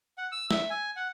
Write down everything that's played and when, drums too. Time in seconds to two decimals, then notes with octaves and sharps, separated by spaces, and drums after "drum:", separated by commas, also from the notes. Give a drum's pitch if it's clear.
0.18 F#5
0.32 E6
0.51 E5, drum: snare
0.70 G#5
0.96 F#5